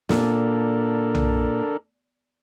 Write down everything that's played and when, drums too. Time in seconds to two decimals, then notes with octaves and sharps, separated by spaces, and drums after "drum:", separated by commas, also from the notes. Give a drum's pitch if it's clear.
0.09 A#2 D4 A4 A#4, drum: snare
1.15 drum: tom B1